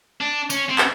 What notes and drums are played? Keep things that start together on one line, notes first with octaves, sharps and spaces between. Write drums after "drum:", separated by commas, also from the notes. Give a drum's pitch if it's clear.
D4
C#4, drum: tambourine
C4
drum: clap